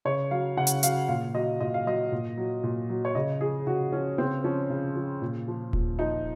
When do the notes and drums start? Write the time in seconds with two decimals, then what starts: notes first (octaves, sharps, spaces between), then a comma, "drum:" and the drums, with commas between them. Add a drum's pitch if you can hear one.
0.05 C#3 C#5
0.31 F#3 F5
0.57 C#3 F#5
0.67 drum: hi-hat
0.83 F#3 F5, drum: hi-hat
1.09 A#2 F5
1.35 F#3 D#5
1.60 A#2 D#5
1.74 F5
1.87 F#3 D#5
2.12 A#2
2.38 F#3
2.63 A#2
2.90 F#3
3.05 C#5
3.15 C#3 D#5
3.41 F3 G#4
3.67 C#3 F#4
3.92 F3 C#4
4.18 C#3 C4
4.44 F3 C#4
4.70 C#3
4.96 F3
5.22 A#2
5.48 F3
5.73 A#2, drum: kick D#1
5.99 F3 D#4